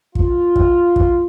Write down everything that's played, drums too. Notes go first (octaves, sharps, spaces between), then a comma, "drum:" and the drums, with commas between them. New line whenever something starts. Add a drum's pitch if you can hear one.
F4, drum: kick
drum: kick
drum: kick